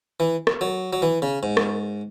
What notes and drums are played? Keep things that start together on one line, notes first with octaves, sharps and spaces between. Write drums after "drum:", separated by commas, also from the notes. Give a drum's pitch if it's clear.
E3
drum: rim click
F#3
F#3
E3
C#3
G#2
drum: rim click